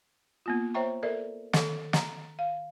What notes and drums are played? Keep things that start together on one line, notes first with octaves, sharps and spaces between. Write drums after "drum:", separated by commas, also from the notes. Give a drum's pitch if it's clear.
A#3 B3 F4
C5 C#5 E5 G5 A#5 C#6
A4 A#4 D5 E5
D#3 A4, drum: snare
A#5, drum: snare
F5